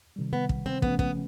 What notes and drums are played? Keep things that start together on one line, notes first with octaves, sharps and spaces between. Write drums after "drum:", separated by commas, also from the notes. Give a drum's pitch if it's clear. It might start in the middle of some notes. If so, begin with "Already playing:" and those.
C3 D#3 G3
B3
drum: kick
C4
C#3 F3 A3 B3 C#4, drum: kick
B3, drum: kick